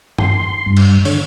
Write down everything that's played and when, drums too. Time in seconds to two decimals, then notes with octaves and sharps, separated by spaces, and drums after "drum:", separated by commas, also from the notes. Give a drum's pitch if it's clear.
0.18 C6, drum: tom G2
0.66 G2
0.77 drum: cymbal
1.05 D3 C#5, drum: open hi-hat